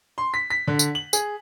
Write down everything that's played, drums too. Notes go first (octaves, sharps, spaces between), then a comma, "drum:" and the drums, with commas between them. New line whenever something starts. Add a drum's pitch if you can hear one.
C6
B6
B6
D3
drum: tambourine
F#7
G#4, drum: tambourine